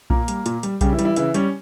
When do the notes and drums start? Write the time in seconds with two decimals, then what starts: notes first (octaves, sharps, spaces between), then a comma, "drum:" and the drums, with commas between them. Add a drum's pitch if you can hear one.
0.10 A#2 A#3 A#4, drum: kick B1
0.28 G3, drum: hi-hat
0.46 A#2, drum: hi-hat
0.63 G3, drum: hi-hat
0.81 C#3 G3 G4, drum: kick B1, hi-hat
0.93 E3 E4
0.99 G3, drum: hi-hat
1.05 E3 E4
1.16 C#3 E3 E4, drum: hi-hat
1.34 G3 C#4, drum: hi-hat